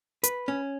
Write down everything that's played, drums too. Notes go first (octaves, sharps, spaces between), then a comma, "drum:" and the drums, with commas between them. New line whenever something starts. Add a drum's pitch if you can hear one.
B4, drum: hi-hat
C#4